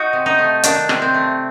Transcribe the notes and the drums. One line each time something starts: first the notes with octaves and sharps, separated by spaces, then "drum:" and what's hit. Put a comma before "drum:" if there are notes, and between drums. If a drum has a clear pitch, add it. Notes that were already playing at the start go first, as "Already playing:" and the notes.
Already playing: D#4 F#4
C3
D#4
A3
D#3 D4, drum: hi-hat
C3, drum: rim click
C4
A3